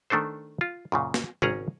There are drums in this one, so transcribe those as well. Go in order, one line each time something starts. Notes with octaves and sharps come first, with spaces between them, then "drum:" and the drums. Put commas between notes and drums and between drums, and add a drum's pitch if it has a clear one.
D#3 A3 D4 A4 C5
F4
F#2 A#2 C#3
drum: snare
G#1 C#4 G#4 A#4 F#5 A#5, drum: tom